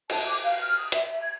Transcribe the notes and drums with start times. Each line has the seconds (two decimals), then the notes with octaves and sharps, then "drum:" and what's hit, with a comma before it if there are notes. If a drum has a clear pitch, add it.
0.10 A5, drum: cymbal
0.26 D6
0.43 F5
0.62 F6
0.78 D#6
0.92 E5, drum: hi-hat
1.09 E5
1.21 G#6